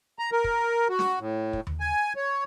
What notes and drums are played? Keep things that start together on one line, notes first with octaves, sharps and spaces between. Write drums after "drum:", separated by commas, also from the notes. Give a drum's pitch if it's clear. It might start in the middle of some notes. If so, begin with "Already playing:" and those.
A#5
A#4
drum: kick
F#4
drum: snare
A2
drum: kick
drum: tom D#2
G#5
C#5